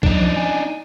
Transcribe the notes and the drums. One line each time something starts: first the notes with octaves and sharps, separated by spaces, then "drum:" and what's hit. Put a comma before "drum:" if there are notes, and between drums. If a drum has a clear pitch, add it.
F#3 D4 D#4, drum: kick B1
F3
G#5